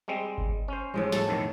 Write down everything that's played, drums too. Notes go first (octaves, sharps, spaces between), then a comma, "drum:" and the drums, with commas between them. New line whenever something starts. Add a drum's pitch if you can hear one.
G3 G#3 C4
drum: kick G1
C#4 C5
A2 F3 G#3
A4, drum: snare
B1 F2 D#3